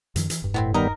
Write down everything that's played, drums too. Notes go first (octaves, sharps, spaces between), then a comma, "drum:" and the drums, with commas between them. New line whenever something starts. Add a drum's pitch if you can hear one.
F#2 D#3 F3, drum: hi-hat
E3, drum: hi-hat
E1 G2
A2 B3 C4 E4
D#3 G3 B3 D#4 A#4